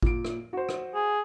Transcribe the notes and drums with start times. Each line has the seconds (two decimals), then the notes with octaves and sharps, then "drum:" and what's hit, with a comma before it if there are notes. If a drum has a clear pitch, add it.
0.02 A#2 D7, drum: kick G#1
0.25 drum: rim click
0.53 F#4 C5
0.69 drum: rim click
0.94 G#4